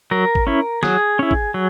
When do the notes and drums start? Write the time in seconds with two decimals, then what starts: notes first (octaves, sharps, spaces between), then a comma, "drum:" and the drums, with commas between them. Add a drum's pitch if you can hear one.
0.11 F#3 A#4
0.35 drum: kick
0.47 C#4 E4
0.83 F#3 G#4, drum: snare
1.19 C#4 E4
1.31 drum: kick
1.54 F#3